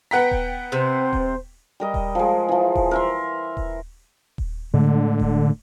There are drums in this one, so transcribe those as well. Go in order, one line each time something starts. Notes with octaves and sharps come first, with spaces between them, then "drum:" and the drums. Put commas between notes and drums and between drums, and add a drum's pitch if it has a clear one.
B3 B4 F#5 G5 A#5 B6
drum: kick D#1
C3 C4 C5
drum: kick D#1
G3 A#4 D#5
drum: kick D#1
F3 G#3
E3 F3
drum: kick D#1
A#4 E5 C6
drum: kick D#1
drum: kick D#1
A2 D3 G#3 A3
drum: kick D#1